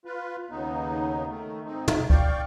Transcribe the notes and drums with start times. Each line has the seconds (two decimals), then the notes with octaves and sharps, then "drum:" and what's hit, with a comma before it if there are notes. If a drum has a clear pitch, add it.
0.05 F4 B4
0.50 D#2 C#3 B3 D#4
1.28 D#3 A3
1.65 G#2 C4 D#4
1.88 drum: tom
2.10 D5 F5 G5 C#6, drum: kick